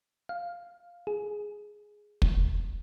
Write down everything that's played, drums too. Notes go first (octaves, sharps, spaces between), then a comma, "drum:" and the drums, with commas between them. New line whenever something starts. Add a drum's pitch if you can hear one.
F5
G#4
drum: kick